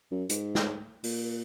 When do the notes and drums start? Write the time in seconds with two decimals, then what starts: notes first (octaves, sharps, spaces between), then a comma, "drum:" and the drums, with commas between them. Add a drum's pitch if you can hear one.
0.11 F#2
0.29 G#2, drum: hi-hat
0.55 drum: snare
1.04 A#2, drum: open hi-hat